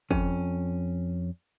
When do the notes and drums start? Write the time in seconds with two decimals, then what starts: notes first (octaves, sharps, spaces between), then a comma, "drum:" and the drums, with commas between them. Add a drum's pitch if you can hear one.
0.11 F2 C#4, drum: kick